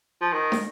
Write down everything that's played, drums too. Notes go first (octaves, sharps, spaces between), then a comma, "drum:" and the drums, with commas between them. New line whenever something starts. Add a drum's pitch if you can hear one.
F3
D#3
drum: snare